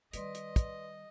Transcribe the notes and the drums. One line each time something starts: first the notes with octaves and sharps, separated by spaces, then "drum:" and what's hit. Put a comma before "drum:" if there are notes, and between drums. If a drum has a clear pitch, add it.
D#3 G3 B4 D5 D#5 C6, drum: hi-hat
drum: hi-hat
drum: kick, hi-hat